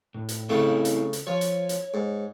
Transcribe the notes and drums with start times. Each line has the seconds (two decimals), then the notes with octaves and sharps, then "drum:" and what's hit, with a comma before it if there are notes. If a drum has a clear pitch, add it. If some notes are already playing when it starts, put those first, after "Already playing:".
0.15 A2
0.29 drum: hi-hat
0.49 C#3 A3 C4 E4 F5
0.85 drum: hi-hat
1.13 drum: hi-hat
1.27 F3 C#5
1.41 drum: hi-hat
1.69 drum: hi-hat
1.94 G#2